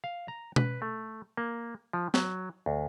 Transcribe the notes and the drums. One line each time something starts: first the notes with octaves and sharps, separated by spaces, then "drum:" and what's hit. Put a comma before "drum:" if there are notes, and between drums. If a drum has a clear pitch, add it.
F5
A#5
B4, drum: tom B2
A3
A#3
F3
F#3, drum: snare
D2